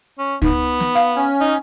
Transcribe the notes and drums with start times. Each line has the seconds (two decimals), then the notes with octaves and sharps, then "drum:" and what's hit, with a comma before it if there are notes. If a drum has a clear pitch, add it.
0.18 C#4
0.42 B3 D#4, drum: kick C#2
0.80 drum: snare
0.95 F5
1.16 C#4
1.41 D#4